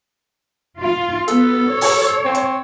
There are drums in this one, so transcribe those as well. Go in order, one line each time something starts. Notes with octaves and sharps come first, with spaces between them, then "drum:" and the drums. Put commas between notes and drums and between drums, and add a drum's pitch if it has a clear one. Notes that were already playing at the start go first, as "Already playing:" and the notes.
F4
B3 A4, drum: hi-hat
C#5
drum: open hi-hat
C4
drum: hi-hat